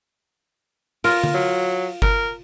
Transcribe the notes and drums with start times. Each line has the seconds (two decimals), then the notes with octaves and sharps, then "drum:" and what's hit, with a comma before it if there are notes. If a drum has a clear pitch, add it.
1.04 F4 A#4, drum: open hi-hat
1.24 drum: tom
1.34 F#3
2.02 A#4, drum: kick G1